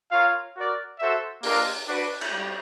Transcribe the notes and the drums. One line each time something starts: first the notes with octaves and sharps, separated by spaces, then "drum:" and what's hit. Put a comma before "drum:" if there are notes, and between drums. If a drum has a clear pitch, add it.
F4 A#4 C#5 F5
F#4 A#4 D5
F#4 A4 C5 E5
A#3 D4 F4 A#4 D#5, drum: open hi-hat
D4 F#4 B4
drum: cymbal
G3